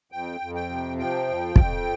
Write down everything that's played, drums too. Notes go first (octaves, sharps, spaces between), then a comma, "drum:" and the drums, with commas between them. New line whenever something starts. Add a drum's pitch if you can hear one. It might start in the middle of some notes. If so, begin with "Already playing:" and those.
F2 G5
F2
G5
C3
F3 G5
F2
F2, drum: kick